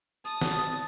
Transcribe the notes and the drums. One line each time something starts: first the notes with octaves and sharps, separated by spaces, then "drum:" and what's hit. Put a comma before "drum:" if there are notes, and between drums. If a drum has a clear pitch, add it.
A5 D#6, drum: tambourine
drum: snare
drum: tambourine